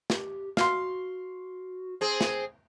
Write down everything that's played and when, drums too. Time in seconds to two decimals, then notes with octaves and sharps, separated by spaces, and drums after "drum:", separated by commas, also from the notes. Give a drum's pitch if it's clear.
0.10 G4, drum: snare
0.57 F#4 F5 C6, drum: snare
2.01 C4 G#4
2.21 drum: snare